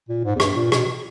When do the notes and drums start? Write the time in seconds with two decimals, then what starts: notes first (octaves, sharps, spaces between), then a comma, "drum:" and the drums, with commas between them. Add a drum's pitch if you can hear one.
0.09 A#2
0.24 G#2
0.36 E2
0.40 G2, drum: rim click
0.56 A#2
0.72 B2, drum: rim click